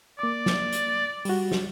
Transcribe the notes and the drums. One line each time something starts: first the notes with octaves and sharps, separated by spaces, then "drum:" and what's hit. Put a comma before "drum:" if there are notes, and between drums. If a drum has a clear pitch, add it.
A#3 D5 D6
drum: snare
drum: hi-hat
G3 F#4, drum: open hi-hat
drum: snare